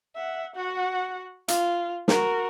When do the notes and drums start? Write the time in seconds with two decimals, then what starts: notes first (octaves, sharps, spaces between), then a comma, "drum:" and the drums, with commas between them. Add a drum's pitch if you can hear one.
0.15 E5 F#5
0.55 F#4 F#5
1.48 F4, drum: hi-hat
2.08 F#4 A#4, drum: snare